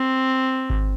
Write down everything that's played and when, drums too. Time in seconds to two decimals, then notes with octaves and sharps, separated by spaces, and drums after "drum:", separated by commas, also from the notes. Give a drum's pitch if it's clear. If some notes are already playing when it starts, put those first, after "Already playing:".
Already playing: C4
0.70 drum: kick G#1